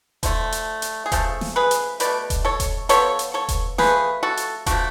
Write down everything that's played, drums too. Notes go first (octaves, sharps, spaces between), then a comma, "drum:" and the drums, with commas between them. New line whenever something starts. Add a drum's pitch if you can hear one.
D3 F3 A3, drum: kick E1, hi-hat
drum: hi-hat
drum: hi-hat
G#4
C#3 F3 A3 A4, drum: kick E1, hi-hat
drum: snare
G#4 B4
drum: hi-hat
B2 A3 B4 D5, drum: hi-hat
drum: kick E1, hi-hat
A4 C#5
drum: kick E1, hi-hat
F3 B3 A4 C#5, drum: hi-hat
drum: hi-hat
A4 C#5
drum: kick E1, hi-hat
F3 A3 G#4 B4, drum: snare
F#4 A4
drum: hi-hat
F3 A3 D4 F#4, drum: kick E1, hi-hat